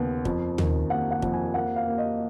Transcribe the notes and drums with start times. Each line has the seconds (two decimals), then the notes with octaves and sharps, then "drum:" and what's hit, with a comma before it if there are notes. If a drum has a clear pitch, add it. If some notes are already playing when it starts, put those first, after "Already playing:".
Already playing: D#2 C#3 B3
0.25 F2, drum: kick
0.58 D#3, drum: tom
0.90 A#3 F#5
1.11 F#5
1.22 F2, drum: kick
1.33 G#5
1.54 A#3 F#5
1.76 F5
1.87 A#3
1.98 D#5